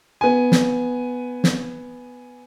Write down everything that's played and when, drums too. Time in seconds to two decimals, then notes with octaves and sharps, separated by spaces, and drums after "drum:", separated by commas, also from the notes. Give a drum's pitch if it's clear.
0.21 B3 G#5
0.52 drum: snare
1.44 drum: snare